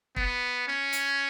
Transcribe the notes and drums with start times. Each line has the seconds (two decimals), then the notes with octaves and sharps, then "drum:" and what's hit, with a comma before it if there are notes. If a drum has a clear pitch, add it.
0.16 B3, drum: kick
0.68 C#4
0.93 drum: hi-hat